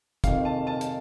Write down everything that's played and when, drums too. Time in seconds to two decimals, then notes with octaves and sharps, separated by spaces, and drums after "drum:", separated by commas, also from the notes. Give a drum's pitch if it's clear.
0.24 F2 C3 D#3 F5, drum: kick, hi-hat
0.45 A5
0.67 A5
0.81 drum: hi-hat